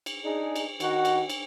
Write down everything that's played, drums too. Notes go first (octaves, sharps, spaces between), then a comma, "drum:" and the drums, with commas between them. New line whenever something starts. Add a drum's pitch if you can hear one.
drum: cymbal
D4 D#4 G#4
drum: cymbal
D#3 F#4, drum: cymbal
drum: cymbal
drum: cymbal